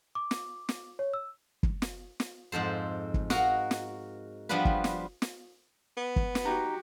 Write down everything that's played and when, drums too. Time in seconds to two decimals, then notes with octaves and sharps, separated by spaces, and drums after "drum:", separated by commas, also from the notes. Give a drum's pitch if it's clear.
0.15 D6
0.31 drum: snare
0.69 drum: snare
0.99 C#5
1.14 E6
1.63 drum: kick
1.82 drum: snare
2.20 drum: snare
2.52 F2 G#2 A4 C5
3.14 drum: kick
3.30 F#4 A#4 D#5 F5 F#5, drum: snare
3.71 drum: snare
4.49 F3 G3 B3 D4 F4 B4
4.65 drum: kick
4.84 drum: snare
5.22 drum: snare
5.97 B3
6.16 drum: kick
6.35 drum: snare
6.45 D#4 F#4 G4